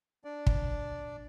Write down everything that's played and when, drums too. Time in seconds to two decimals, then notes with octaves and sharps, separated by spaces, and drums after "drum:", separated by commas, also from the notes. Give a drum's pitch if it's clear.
0.25 D4 D5
0.47 drum: kick